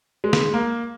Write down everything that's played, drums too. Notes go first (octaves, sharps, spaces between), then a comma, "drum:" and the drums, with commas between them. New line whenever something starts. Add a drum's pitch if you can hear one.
G#3
drum: snare
A#3